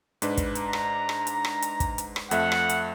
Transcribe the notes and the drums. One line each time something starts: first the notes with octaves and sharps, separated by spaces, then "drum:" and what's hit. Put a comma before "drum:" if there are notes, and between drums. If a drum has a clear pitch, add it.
G#2 D4 B4, drum: hi-hat
drum: kick, hi-hat
A#5, drum: hi-hat
drum: rim click
drum: rim click
drum: hi-hat
drum: rim click
drum: hi-hat
drum: kick, hi-hat
drum: hi-hat
drum: rim click
F2 A3 E5 F#5, drum: hi-hat
drum: rim click
drum: hi-hat